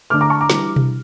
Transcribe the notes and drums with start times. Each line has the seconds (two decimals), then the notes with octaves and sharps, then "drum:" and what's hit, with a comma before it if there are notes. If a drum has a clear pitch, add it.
0.10 D3 A3 D4 D6 F6
0.21 A#5 D6
0.30 A5 C#6
0.41 A#5 D6
0.50 E3 G3 D4, drum: snare
0.76 drum: tom B2